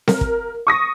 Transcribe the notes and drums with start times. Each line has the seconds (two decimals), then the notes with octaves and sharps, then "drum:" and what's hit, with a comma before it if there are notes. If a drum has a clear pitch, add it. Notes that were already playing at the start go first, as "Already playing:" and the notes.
0.08 A#4, drum: snare C4
0.21 drum: kick
0.67 C#6 D#6 A#6